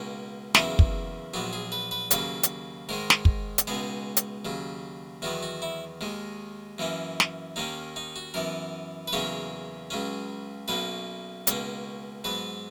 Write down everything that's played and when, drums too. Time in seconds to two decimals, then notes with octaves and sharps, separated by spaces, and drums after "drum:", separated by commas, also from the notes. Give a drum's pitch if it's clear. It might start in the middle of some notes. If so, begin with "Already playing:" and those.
Already playing: C#2 B2 A#3 C#4
0.55 E2 C#3 F#3 A#3 C#4 E4, drum: snare
0.79 drum: kick
1.34 A#1 A#2 F#3 B3 F#4
1.53 G#4
1.72 B4
1.91 B4
2.11 D#2 C#3 F#3 A#3 B4, drum: hi-hat
2.43 drum: hi-hat
2.89 G#2 D#3 G#3 A#4
3.10 drum: snare
3.25 drum: kick
3.58 drum: hi-hat
3.67 C#2 B2 G#3 B3 G#4
4.17 drum: hi-hat
4.45 D#2 C#3 F#3
5.22 E2 D#3 F#3 B3 F#4
5.43 F#4
5.62 E4
6.01 D#2 D#3 G#3
6.78 F#2 E3 A#3 C#4
7.20 drum: snare
7.56 D#2 D#3 A#3 C#4 D#4
7.96 D#4
8.16 F#4
8.34 F#2 E3 B3 A#4
9.08 B4
9.13 E2 C#3 F#3 A#3 C#4 C#5
9.90 C#2 C#3 F#3 C#4
10.68 B1 B2 A#3 C#4 B4
11.47 C#2 B2 A#3 C#4, drum: hi-hat
12.24 G#2 F#3 B3 B4